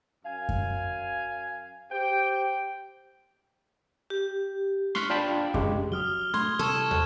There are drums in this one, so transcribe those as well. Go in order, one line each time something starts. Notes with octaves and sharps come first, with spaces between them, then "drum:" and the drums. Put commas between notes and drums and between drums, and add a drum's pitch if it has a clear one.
F#2 F5 G#5
drum: kick F#2
G4 C5 G5
G4
C6 C#6 F6 F#6 B6 C#7, drum: snare
D4 F4 G5 A5 B5
C#3 G#3 G4, drum: kick F#2
F#3 D#6 F6 G7
A3 C6 G#6 G7, drum: snare
C3 E3 G3 A4 C#6 E6 G#6
F#6, drum: tom